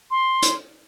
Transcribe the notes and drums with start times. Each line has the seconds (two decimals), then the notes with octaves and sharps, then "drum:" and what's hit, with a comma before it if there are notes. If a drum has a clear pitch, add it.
0.11 C6
0.42 drum: hi-hat